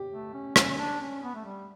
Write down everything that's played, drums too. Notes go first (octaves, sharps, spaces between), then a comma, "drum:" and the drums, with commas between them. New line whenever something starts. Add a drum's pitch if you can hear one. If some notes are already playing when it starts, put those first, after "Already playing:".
Already playing: G4
A3
C#4
C#4, drum: rim click
D4
C#4
B3
A3
G3